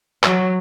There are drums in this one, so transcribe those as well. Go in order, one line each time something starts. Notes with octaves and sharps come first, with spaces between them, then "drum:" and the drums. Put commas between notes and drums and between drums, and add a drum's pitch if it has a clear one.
F#3, drum: clap